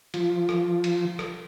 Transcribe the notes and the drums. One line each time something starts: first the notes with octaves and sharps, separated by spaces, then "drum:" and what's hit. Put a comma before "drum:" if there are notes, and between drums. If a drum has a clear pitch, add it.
F3, drum: cymbal
drum: rim click
drum: cymbal
drum: rim click